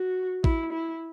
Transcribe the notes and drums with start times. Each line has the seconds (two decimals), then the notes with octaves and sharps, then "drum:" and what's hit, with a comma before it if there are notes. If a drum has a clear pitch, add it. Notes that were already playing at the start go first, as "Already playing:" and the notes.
Already playing: F#4
0.44 E4, drum: kick A1
0.73 E4